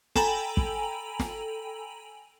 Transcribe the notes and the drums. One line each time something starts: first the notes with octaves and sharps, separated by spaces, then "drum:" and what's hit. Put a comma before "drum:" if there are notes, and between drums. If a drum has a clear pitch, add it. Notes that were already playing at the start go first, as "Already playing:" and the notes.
A4 G5 G#5 A#5 B5 F#7, drum: snare
drum: kick
drum: snare